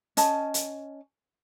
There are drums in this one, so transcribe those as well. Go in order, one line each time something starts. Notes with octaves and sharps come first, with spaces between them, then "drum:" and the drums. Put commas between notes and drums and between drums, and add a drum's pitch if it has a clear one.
C#4 D#5 A5, drum: hi-hat
drum: hi-hat